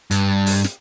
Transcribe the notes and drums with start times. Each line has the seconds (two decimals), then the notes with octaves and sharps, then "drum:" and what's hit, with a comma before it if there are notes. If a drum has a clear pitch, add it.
0.11 G2, drum: hi-hat
0.46 drum: open hi-hat
0.64 drum: snare